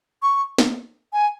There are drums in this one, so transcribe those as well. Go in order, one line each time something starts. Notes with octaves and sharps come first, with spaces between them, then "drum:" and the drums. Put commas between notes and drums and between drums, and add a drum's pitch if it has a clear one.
C#6
drum: snare
G#5